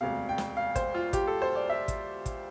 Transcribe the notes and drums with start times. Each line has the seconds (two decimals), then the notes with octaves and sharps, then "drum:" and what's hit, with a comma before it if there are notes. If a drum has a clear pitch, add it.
0.01 E1 D2 C3 F5
0.29 G5
0.38 drum: snare
0.57 F5
0.76 C5, drum: kick, hi-hat
0.94 F4
1.13 G4, drum: kick, hi-hat
1.27 A4
1.42 C5
1.55 D5
1.69 E5
1.88 drum: kick, hi-hat
2.26 drum: kick, hi-hat